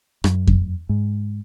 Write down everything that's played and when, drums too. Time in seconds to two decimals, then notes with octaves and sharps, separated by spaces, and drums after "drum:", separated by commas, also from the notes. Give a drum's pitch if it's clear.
0.24 F#2, drum: rim click
0.47 drum: kick F2
0.89 G#2